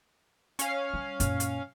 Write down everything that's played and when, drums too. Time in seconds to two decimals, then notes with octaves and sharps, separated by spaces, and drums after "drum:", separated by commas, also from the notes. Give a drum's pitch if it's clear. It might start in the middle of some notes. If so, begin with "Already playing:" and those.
0.59 C#4 F5, drum: hi-hat
0.94 G3
1.20 F#2 A#2, drum: kick, hi-hat
1.40 drum: hi-hat